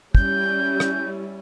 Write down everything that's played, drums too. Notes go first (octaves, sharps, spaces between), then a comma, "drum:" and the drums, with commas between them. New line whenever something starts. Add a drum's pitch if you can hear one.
G3 C#4 E4 G6, drum: kick
drum: rim click